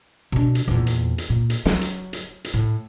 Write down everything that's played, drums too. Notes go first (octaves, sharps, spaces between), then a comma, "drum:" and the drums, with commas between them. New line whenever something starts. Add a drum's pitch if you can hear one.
B2 D4
drum: hi-hat
E2 A#2
drum: hi-hat
drum: hi-hat
A#2
drum: hi-hat
F#3, drum: snare
drum: hi-hat
drum: hi-hat
drum: hi-hat
A2